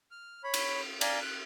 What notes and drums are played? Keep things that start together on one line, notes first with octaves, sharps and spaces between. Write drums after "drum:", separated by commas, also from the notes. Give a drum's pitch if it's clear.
F6
C#5 B5
drum: cymbal
D5 F5 G#5 A#5, drum: cymbal
F#6